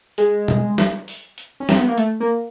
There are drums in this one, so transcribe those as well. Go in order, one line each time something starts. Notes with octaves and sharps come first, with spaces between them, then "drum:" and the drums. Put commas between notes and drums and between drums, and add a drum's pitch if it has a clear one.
G#3, drum: hi-hat
drum: tom B2
drum: snare
drum: open hi-hat
drum: hi-hat
C#4
C4, drum: snare
B3
A#3
A3, drum: hi-hat
A#3